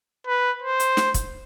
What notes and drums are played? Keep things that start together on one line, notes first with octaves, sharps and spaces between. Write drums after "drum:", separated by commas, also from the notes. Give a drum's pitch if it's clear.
B4
C5
drum: hi-hat
drum: snare
drum: kick, hi-hat